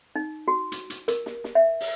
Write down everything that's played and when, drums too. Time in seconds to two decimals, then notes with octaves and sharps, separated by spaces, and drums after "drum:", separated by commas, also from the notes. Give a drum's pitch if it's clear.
0.16 D#4
0.48 F#4
0.72 drum: hi-hat
0.90 drum: hi-hat
1.08 A#4, drum: hi-hat
1.26 drum: snare
1.44 drum: snare
1.55 E5
1.80 drum: open hi-hat